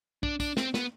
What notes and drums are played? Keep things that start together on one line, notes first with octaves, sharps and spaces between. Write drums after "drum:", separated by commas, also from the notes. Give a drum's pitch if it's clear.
D4, drum: kick
D4, drum: kick, tambourine
C4, drum: snare
B3, drum: snare